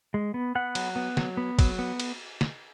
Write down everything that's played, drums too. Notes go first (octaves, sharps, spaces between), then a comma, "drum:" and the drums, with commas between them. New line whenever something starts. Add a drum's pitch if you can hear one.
G#3
B3
B3 F#5
F#3, drum: cymbal
B3
F#3, drum: snare
B3
F#3, drum: kick, cymbal
B3
drum: cymbal
drum: snare